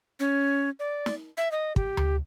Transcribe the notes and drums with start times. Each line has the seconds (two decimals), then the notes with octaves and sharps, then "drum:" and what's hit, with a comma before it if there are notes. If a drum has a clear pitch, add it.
0.20 C#4
0.80 D5
1.06 drum: snare
1.37 E5
1.52 D#5
1.76 G4, drum: kick
1.97 drum: tom D2